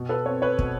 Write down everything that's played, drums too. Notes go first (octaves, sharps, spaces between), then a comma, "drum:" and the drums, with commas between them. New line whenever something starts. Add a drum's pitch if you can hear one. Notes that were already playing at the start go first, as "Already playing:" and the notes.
Already playing: B2
A4 B4
C4 B4 C#5
B4 C#5
B2, drum: kick